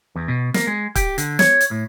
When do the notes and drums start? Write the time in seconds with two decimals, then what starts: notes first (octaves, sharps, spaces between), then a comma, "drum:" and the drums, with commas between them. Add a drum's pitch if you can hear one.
0.16 E2
0.28 B2
0.54 A#3, drum: snare
0.67 G#3
0.95 G4, drum: kick, hi-hat
1.18 D3, drum: hi-hat
1.39 C#5, drum: snare
1.61 drum: hi-hat
1.71 A2